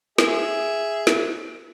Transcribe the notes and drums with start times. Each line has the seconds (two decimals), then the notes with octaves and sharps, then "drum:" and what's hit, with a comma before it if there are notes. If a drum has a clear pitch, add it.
0.18 G#4 E5, drum: snare
1.07 drum: snare